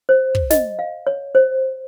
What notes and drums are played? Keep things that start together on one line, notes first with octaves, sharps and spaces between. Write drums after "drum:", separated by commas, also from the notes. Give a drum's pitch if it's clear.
C5
drum: kick
D#5, drum: snare
F5
C#5
C5